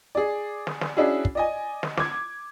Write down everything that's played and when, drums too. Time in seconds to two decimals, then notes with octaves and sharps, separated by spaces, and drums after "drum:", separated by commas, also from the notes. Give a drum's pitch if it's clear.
0.15 G#4 D5
0.67 drum: snare
0.81 drum: snare
0.97 C#4 D4 E4 F#4 G#4
1.25 drum: kick
1.35 D5 D#5 G#5
1.83 drum: snare
1.97 D6 G#6, drum: snare